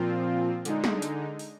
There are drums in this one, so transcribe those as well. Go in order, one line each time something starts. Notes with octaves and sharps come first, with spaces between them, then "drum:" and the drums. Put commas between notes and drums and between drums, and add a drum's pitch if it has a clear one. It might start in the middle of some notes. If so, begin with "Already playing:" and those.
Already playing: A#2 F3 C4 F4
D3 G#3 D#4, drum: hi-hat
drum: snare
drum: hi-hat
drum: open hi-hat